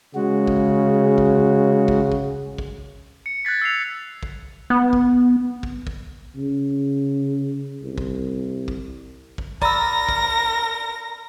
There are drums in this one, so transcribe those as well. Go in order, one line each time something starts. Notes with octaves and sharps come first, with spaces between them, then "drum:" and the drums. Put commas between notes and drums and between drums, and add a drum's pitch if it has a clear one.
C#3 G#3 F#4
drum: kick
drum: kick
drum: kick
drum: kick
drum: kick
C#7
F#6 G#6 A6 B6
E6 A6 C7 F7
drum: kick
B3
drum: kick
drum: kick
drum: kick
C#3
C2
drum: kick
drum: kick
drum: kick
A#4 D5 A#5 B5 E6 A#6, drum: kick
drum: kick